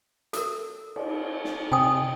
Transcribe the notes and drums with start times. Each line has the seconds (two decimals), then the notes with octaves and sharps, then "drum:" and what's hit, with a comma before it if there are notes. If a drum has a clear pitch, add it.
0.33 A4 A#4, drum: hi-hat
0.96 drum: cymbal
1.45 drum: snare
1.72 C3 G5 G#5 D#6